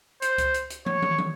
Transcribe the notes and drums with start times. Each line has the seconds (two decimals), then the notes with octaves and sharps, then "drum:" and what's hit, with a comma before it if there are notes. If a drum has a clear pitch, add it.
0.22 C5, drum: hi-hat
0.38 drum: kick C#2, hi-hat
0.54 drum: hi-hat
0.70 drum: hi-hat
0.86 C#5, drum: tom
1.02 drum: tom
1.18 drum: tom